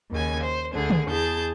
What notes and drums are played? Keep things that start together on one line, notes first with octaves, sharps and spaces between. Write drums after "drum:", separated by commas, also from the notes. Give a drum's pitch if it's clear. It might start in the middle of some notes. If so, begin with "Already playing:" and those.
D#2 C#3 G#5
C5
D2 D3 G#4
drum: tom
E2 G#4 A5 G6